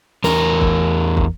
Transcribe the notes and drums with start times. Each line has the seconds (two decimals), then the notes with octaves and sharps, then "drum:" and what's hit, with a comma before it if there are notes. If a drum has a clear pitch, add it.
0.24 E2 A#4, drum: snare
0.61 drum: kick
1.17 drum: kick